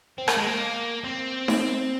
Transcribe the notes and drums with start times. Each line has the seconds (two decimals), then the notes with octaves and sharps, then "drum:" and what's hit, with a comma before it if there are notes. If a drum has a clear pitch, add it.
0.18 C4
0.28 A#3, drum: rim click
0.37 G#3
0.47 A#3
1.04 C4
1.48 drum: snare D#4